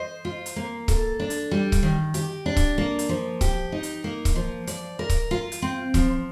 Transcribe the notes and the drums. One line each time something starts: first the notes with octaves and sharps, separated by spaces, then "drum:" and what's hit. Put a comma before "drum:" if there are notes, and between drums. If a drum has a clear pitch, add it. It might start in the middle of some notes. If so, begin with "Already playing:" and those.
Already playing: C5 D#5
F4
drum: hi-hat
A#3
A4, drum: kick C#1, hi-hat
D4
drum: hi-hat
G3
drum: kick C#1, hi-hat
D#3
G4, drum: hi-hat
D4
drum: kick C#1, hi-hat
A#3
drum: hi-hat
F3
G4, drum: kick C#1, hi-hat
D#4
drum: hi-hat
A#3
drum: kick C#1, hi-hat
F3
D5, drum: hi-hat
A#4
drum: kick C#1, hi-hat
F4
drum: hi-hat
C4
F3, drum: kick C#1, hi-hat